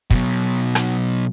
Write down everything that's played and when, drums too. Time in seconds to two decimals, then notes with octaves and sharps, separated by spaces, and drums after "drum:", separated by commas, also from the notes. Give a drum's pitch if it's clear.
0.10 B2 F#3, drum: kick
0.75 drum: rim click